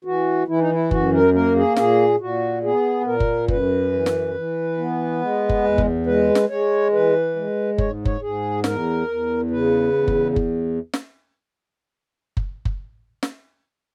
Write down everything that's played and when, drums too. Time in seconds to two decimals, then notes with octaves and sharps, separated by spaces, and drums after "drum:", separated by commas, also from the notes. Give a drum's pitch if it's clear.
0.05 E3 F#4
0.48 E3 E4
0.59 D#4
0.71 E4
0.91 F#2 F#4, drum: kick F#1
1.13 A#4
1.34 A#3 A#4
1.56 G#4
1.76 A#2 G#4, drum: snare
2.20 A#2 F#4
2.63 B3 G#4
3.01 B4
3.05 A#2 A#4
3.20 drum: kick F#1
3.48 F#2 B4, drum: kick F#1
3.92 E3
4.06 drum: snare
4.34 E3
4.78 B3
5.21 G#3
5.49 drum: kick F#1
5.64 E2
5.78 drum: kick F#1
6.06 G#3 B4
6.35 drum: snare
6.49 G#3 C#5
6.93 E3 B4
7.36 G#3
7.78 G#2 C#5, drum: kick F#1
8.05 C#5, drum: kick F#1
8.21 G#2 G#4
8.64 E2 A#4, drum: snare
9.08 E2
9.50 C#3 B4
9.94 E2
10.08 drum: kick F#1
10.36 drum: kick F#1
10.94 drum: snare
12.37 drum: kick F#1
12.65 drum: kick F#1
13.23 drum: snare